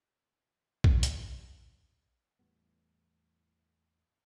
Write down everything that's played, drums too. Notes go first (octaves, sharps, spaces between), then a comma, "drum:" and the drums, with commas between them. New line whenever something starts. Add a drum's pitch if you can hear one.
drum: kick A#1
F#4 G#4 B4 E5 A5 D#6, drum: hi-hat
E2 A2 G3 B3